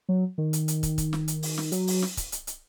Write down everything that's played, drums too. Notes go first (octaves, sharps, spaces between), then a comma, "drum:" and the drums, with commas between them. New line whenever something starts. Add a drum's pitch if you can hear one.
F#3
D#3
drum: hi-hat
drum: hi-hat
drum: kick, hi-hat
drum: kick, hi-hat
drum: snare
drum: hi-hat
drum: open hi-hat
drum: snare
F#3, drum: hi-hat
drum: open hi-hat
drum: snare
drum: kick, hi-hat
drum: hi-hat
drum: hi-hat